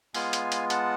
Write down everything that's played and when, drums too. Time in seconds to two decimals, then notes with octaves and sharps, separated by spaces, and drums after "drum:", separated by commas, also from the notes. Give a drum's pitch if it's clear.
0.14 G#3 B3 F4 F5 G#5, drum: open hi-hat
0.33 drum: hi-hat
0.52 drum: hi-hat
0.70 F#5 A5, drum: hi-hat